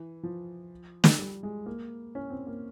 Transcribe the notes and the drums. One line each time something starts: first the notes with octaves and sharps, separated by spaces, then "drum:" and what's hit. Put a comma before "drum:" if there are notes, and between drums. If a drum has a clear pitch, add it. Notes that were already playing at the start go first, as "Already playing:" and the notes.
Already playing: E3
F3
drum: snare
G3
G#3
A#3
C#4
C4
A#3